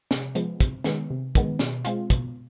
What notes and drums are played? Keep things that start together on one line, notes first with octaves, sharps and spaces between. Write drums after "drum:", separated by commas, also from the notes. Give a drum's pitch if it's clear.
C3, drum: snare
F3 G#3 B3, drum: hi-hat
C3, drum: kick, hi-hat
D#3 G#3 B3, drum: snare
C3
D#3 G#3 B3, drum: kick, hi-hat
B2, drum: snare
G#3 C4 F4, drum: hi-hat
B2, drum: kick, hi-hat